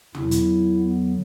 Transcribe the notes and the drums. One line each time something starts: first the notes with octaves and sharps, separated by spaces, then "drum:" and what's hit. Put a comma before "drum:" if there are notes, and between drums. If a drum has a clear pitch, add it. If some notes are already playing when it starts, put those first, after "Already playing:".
E2 D3 F#3 E4, drum: tom
drum: hi-hat
B3